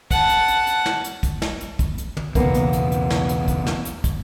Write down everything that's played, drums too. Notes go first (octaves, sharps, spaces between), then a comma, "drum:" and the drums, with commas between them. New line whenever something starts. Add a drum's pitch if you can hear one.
F#5 A5, drum: kick, hi-hat
drum: hi-hat
drum: hi-hat
drum: hi-hat
drum: snare
drum: hi-hat
drum: kick, hi-hat
drum: snare
drum: hi-hat
drum: kick, hi-hat
drum: hi-hat
drum: tom
B1 E2 C#3 A#3 B3, drum: kick, hi-hat
drum: hi-hat
drum: hi-hat
drum: hi-hat
drum: snare
drum: hi-hat
drum: kick, hi-hat
drum: snare
drum: hi-hat
drum: kick, hi-hat